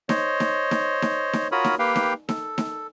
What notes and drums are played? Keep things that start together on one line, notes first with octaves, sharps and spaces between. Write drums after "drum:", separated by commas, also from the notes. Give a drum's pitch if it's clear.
C5 C#5 D#5, drum: snare D#4
drum: snare D#4
drum: snare D#4
drum: snare D#4
drum: snare D#4
F4 F#4 A#4 C#5 B5 D#6
drum: snare D#4
A#3 G4 B4 F5 G5
drum: snare D#4
A4, drum: snare D#4
drum: snare D#4